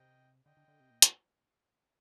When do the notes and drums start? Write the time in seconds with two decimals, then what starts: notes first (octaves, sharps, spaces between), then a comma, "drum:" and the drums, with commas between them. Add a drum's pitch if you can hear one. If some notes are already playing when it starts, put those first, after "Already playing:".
Already playing: C3 D#5 G5
0.46 D3 D#5 G5
0.57 D3
0.68 D3
0.80 C3
0.90 A#2
1.02 drum: hi-hat